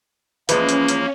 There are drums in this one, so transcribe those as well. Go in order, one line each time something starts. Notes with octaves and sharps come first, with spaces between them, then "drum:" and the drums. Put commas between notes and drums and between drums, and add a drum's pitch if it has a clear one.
E2 F3 G#3 A#3 C#4 B4, drum: hi-hat
drum: hi-hat
drum: hi-hat